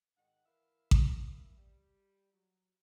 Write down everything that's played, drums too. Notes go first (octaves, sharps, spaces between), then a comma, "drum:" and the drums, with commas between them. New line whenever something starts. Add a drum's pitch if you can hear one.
G#2 D#3 F#5
E3 E4 A#4 E5 F5
drum: kick A1
G3
F#3